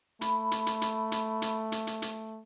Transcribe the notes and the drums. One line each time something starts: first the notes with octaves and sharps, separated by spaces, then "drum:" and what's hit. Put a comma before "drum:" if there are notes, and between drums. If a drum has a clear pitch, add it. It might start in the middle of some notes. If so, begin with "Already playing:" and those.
A3 B5, drum: hi-hat
drum: hi-hat
drum: hi-hat
drum: hi-hat
drum: hi-hat
drum: hi-hat
drum: hi-hat
drum: hi-hat
drum: hi-hat